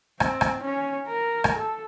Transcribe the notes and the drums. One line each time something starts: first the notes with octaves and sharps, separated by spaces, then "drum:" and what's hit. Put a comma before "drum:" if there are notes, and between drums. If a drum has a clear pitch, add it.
C4, drum: rim click
drum: rim click
C#4
A#4
drum: rim click
A4